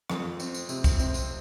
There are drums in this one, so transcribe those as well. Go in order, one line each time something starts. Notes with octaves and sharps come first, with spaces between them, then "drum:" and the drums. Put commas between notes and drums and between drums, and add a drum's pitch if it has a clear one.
F2, drum: rim click
C4, drum: tambourine
drum: tambourine
C3, drum: tambourine
drum: kick, tambourine
C4, drum: tambourine
drum: tambourine